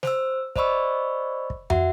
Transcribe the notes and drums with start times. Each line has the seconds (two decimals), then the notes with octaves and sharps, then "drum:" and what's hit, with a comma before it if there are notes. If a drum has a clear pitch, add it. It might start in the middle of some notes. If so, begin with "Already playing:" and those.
0.03 C5 E6, drum: snare
0.56 C5 D5 D#5 B5 C#6 E6, drum: kick
1.50 drum: kick
1.70 F#4 E5 F#5, drum: tom